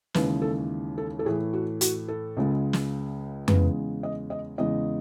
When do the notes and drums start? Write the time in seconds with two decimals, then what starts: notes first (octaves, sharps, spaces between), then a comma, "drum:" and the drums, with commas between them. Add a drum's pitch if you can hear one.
0.14 D#2 C#3 E3 G#3 B4, drum: snare
0.42 A4
0.98 A4
1.19 A4
1.25 A2 E3 A3 G#4
1.53 F#4
1.81 F#4, drum: hi-hat
2.08 A4
2.37 C#2 C#3 G#3
2.73 drum: snare
3.48 E2 C#3 G#3 B4, drum: tom F2
4.03 D#5
4.30 D#5
4.58 E2 C#3 G#3 D#5